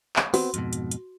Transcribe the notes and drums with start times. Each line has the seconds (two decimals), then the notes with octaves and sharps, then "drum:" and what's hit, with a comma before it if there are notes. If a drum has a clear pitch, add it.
0.16 drum: clap
0.34 B3 C4 F#4, drum: open hi-hat
0.54 F2 G#2 B2, drum: hi-hat
0.73 drum: hi-hat
0.91 drum: hi-hat